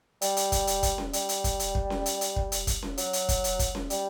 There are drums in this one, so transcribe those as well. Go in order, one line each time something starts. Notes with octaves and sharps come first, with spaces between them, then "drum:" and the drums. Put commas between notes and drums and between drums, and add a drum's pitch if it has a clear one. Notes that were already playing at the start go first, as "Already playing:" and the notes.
G3, drum: hi-hat
drum: hi-hat
drum: kick, hi-hat
drum: hi-hat
drum: kick, hi-hat
drum: snare C#4
G3, drum: hi-hat
drum: hi-hat
drum: kick, hi-hat
drum: hi-hat
drum: kick
drum: snare C#4
drum: hi-hat
drum: hi-hat
drum: kick
drum: hi-hat
drum: kick, hi-hat
drum: snare C#4
F#3, drum: hi-hat
drum: hi-hat
drum: kick, hi-hat
drum: hi-hat
drum: kick, hi-hat
drum: snare C#4
G3, drum: hi-hat